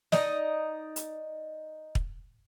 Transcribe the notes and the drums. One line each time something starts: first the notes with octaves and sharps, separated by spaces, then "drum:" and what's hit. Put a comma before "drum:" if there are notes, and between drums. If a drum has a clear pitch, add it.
D#4 D5 D#5, drum: snare
drum: hi-hat
drum: kick